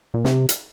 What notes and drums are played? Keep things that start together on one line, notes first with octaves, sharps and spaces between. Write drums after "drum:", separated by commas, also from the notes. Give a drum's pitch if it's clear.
A#2
C3, drum: snare
drum: hi-hat